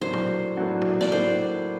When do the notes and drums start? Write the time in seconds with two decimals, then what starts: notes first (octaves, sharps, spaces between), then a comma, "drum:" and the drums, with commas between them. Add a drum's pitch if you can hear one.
0.01 A2 F#3 A#3 D4 F#4 C5
0.13 drum: tom
0.57 A2 F#3 A#3 D4 F#4
0.81 drum: tom
1.01 D5, drum: snare
1.12 A2 F#3 A#3 D4 F#4 C5